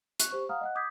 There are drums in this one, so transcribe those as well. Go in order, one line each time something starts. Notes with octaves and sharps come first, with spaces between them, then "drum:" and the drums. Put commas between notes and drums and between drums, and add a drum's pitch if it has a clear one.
C#6 F#6, drum: hi-hat
G4 C5 C#6
F5 F#5 A#5 D#6 F6
D#5 F#5 F#6
D6 D#6 G6 G#6 B6